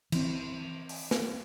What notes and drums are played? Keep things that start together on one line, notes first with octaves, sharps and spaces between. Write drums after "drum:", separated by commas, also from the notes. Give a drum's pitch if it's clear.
E3 C4, drum: cymbal
drum: open hi-hat
drum: snare